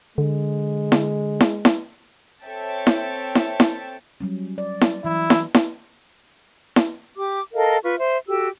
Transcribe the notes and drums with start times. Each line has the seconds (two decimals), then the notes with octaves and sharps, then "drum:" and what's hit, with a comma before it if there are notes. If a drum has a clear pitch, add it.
0.18 D3 G#3
0.92 drum: snare E4
1.40 drum: snare E4
1.65 drum: snare E4
2.45 C4 A4 C#5 E5 G5 A5
2.87 drum: snare E4
3.35 drum: snare E4
3.60 drum: snare E4
4.20 F#3 G3 C#4
4.58 D5
4.81 drum: snare E4
5.04 E3 F#3 E4
5.30 drum: snare E4
5.54 drum: snare E4
6.76 drum: snare E4
7.18 G4 D6
7.54 A4 A#4 D#5 F5
7.83 F4 B4 C#6
7.98 C5 E5
8.28 F#4 G4 A4 E6